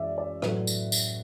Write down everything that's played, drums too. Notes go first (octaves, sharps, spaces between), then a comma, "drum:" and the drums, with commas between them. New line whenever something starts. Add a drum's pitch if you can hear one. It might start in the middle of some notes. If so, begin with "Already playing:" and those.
Already playing: F#2 E3 G#3 D5 E5
D5
A2 F#3 A3 B4, drum: rim click
drum: tambourine
drum: tambourine